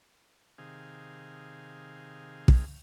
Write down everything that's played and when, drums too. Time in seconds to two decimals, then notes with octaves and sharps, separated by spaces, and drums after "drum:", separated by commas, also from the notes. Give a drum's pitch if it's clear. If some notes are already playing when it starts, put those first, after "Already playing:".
0.58 C3 D#3 G#4 F5
2.48 drum: kick